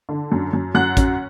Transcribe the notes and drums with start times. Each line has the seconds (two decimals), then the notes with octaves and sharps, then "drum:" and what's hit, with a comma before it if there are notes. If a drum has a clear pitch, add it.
0.09 D3
0.32 F#2
0.53 F#2
0.75 F#2 F#5 F#6
0.97 C#4, drum: kick, hi-hat